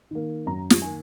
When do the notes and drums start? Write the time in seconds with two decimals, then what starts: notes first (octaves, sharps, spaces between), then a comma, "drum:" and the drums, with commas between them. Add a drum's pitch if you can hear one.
0.11 D#3 A#3
0.46 F#2 A#5
0.70 drum: snare
0.82 D#3 A#3 G#5